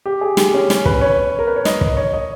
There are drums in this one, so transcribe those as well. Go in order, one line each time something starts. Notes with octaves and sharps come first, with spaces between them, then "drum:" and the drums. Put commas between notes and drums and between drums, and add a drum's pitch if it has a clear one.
G4
G#4
G4, drum: snare
C#4
C#4, drum: snare
B4, drum: kick
C#5
A#4
B4
C#5
D#5, drum: snare
drum: kick
C#5
D#5